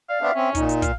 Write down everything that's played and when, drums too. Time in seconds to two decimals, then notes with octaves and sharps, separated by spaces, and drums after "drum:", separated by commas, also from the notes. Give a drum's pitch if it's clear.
0.09 D5 F5
0.22 B3 C4 D4 E5
0.35 C4 C#4
0.55 A#2 D#4, drum: kick, hi-hat
0.69 drum: hi-hat
0.82 F5, drum: kick, hi-hat